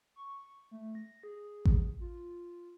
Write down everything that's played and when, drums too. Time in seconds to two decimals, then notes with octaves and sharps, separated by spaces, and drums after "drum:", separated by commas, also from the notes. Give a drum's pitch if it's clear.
0.16 C#6
0.71 A3
0.95 A#6
1.23 G#4
1.65 drum: kick A1
2.00 F4